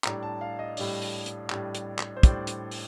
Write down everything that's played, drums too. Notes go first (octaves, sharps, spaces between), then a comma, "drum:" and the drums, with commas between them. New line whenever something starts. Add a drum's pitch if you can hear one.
A2 G3 D4 A#5, drum: clap
A5
F5
D#5
A2 G3 D4, drum: open hi-hat
drum: open hi-hat
drum: hi-hat
A2 G3 D4, drum: clap
drum: hi-hat
drum: clap
C5
A2 G3 D4 D5, drum: kick, hi-hat
drum: hi-hat
drum: open hi-hat